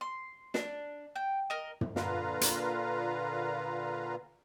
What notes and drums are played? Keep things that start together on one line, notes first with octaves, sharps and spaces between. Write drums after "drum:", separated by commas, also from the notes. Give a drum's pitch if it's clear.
C6
D4, drum: snare
G5
A#4 D#5
drum: tom
A#2 D3 F4 B4 F5 A#5, drum: snare
drum: hi-hat